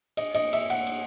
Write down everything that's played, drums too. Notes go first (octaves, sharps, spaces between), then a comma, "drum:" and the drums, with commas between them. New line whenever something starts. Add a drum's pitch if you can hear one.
D#5, drum: cymbal
D#5, drum: cymbal
E5, drum: cymbal
F#5, drum: cymbal
drum: cymbal